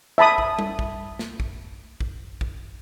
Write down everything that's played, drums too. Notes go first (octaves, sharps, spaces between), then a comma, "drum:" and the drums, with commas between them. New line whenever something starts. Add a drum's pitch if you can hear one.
E5 A5 B5 D#6
drum: kick
drum: tom G3
drum: kick
drum: snare
drum: kick
drum: kick
drum: kick